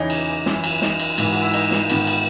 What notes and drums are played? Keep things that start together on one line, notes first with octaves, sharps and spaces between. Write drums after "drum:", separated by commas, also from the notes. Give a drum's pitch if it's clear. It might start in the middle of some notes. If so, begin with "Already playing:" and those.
Already playing: E2 C#3 E3 C#4 D#4
drum: cymbal
F#2 E3, drum: snare
drum: cymbal
D#4, drum: snare
drum: cymbal
G#2 E3, drum: cymbal
F#4
E4
D#4, drum: cymbal
drum: snare
G#2 D#3 B3, drum: cymbal
drum: cymbal